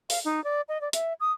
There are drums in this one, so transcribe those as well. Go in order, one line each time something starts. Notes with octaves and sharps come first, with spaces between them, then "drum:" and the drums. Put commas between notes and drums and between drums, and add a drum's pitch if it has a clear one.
F5, drum: open hi-hat
D#4
D5
D#5
D5
E5, drum: hi-hat
D#6